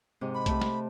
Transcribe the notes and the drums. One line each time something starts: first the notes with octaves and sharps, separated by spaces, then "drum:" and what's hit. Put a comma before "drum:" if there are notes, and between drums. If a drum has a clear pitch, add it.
G#2 C3
B5
C3 A3 A5, drum: kick B1, hi-hat
drum: snare